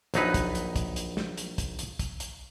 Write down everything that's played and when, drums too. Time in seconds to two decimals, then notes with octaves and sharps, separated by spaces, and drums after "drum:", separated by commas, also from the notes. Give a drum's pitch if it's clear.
0.14 A#1 F#3 D#4 B4, drum: hi-hat
0.34 drum: kick, hi-hat
0.55 drum: hi-hat
0.76 drum: kick, hi-hat
0.96 drum: hi-hat
1.17 drum: snare
1.38 drum: hi-hat
1.58 drum: kick, hi-hat
1.79 drum: hi-hat
1.99 drum: kick, hi-hat
2.20 drum: hi-hat